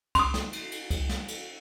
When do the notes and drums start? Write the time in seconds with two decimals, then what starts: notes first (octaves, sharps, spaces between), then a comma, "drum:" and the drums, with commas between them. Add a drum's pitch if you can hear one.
0.15 C6 D#6, drum: kick C2, cymbal
0.34 drum: snare
0.53 drum: cymbal
0.72 drum: cymbal
0.90 drum: kick C2, cymbal
1.09 drum: snare
1.28 drum: cymbal